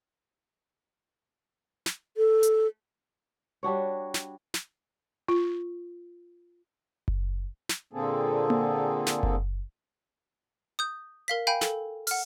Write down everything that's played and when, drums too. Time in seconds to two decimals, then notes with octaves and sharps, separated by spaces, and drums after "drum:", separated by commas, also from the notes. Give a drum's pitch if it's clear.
1.86 drum: snare
2.17 A4
2.43 drum: hi-hat
3.63 G3 D4 F#4 C#5
4.14 drum: snare
4.54 drum: snare
5.28 F4
7.08 drum: kick F#1
7.69 drum: snare
7.93 A#2 D3 A#3 C4 G#4 A4
8.50 drum: tom A#3
9.06 drum: snare
9.23 drum: kick F#1
10.79 D#6 G6
11.28 A#4 F5 B6
11.47 F5 G5 G#5 B5 G6
11.61 A4, drum: snare
12.07 F#5 F6, drum: open hi-hat